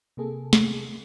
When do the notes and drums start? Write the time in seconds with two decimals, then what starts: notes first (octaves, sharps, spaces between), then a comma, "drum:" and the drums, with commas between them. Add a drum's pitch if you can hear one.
0.17 C3 A#3 G#4 A4
0.53 drum: snare